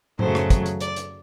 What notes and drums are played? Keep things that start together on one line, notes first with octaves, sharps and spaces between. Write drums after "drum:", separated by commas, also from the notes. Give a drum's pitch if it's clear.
F#2 C#3 F#3 A3 C5, drum: tom A2
drum: rim click
drum: kick, hi-hat
drum: hi-hat
D5, drum: hi-hat
drum: hi-hat